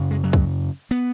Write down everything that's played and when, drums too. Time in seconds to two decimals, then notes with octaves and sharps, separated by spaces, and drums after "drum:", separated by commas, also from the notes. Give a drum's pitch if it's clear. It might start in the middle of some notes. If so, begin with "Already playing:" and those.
Already playing: F#2 C#3
0.11 G#3
0.24 F#3
0.33 drum: kick
0.91 B3